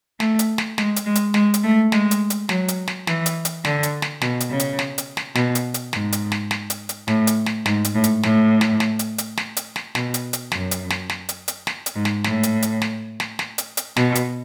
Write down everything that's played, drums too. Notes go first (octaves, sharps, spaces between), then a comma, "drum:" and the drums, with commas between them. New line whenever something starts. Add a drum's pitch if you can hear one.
A3, drum: snare
drum: hi-hat
drum: snare
G#3, drum: snare
drum: hi-hat
G#3
drum: hi-hat
G#3, drum: snare
drum: hi-hat
A3
G#3, drum: snare
drum: hi-hat
drum: hi-hat
F#3, drum: snare
drum: hi-hat
drum: snare
E3, drum: snare
drum: hi-hat
drum: hi-hat
D3, drum: snare
drum: hi-hat
drum: snare
B2, drum: snare
drum: hi-hat
C#3
drum: hi-hat
drum: snare
drum: hi-hat
drum: snare
B2, drum: snare
drum: hi-hat
drum: hi-hat
G#2, drum: snare
drum: hi-hat
drum: snare
drum: snare
drum: hi-hat
drum: hi-hat
A2, drum: snare
drum: hi-hat
drum: snare
G#2, drum: snare
drum: hi-hat
A2
drum: hi-hat
A2, drum: snare
drum: snare
drum: snare
drum: hi-hat
drum: hi-hat
drum: snare
drum: hi-hat
drum: snare
B2, drum: snare
drum: hi-hat
drum: hi-hat
F#2, drum: snare
drum: hi-hat
drum: snare
drum: snare
drum: hi-hat
drum: hi-hat
drum: snare
drum: hi-hat
G#2
drum: snare
A2, drum: snare
drum: hi-hat
drum: hi-hat
drum: snare
drum: snare
drum: snare
drum: hi-hat
drum: hi-hat
B2, drum: snare
drum: hi-hat